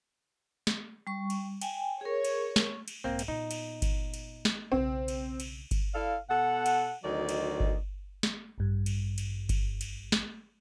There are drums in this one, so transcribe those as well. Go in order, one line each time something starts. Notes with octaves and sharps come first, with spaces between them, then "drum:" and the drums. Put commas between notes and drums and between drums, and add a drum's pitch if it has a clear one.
drum: snare
G3 C#6
drum: cymbal
G5 G#5, drum: cymbal
G#4 A#4 C#5
drum: cymbal
drum: snare
drum: cymbal
B1 G#2 A#3 C4
drum: cymbal
A#2 B3 D#4
drum: cymbal
drum: kick G1, cymbal
drum: cymbal
drum: snare
B1 C#3 C4
drum: cymbal
drum: cymbal
drum: kick G1, cymbal
E4 A4 D5 F5
B2 A4 F#5
drum: cymbal
D2 D#3 F#3 D5 D#5
drum: cymbal
drum: kick G1
drum: snare
A1 G2
drum: cymbal
drum: cymbal
drum: kick G1, cymbal
drum: cymbal
drum: snare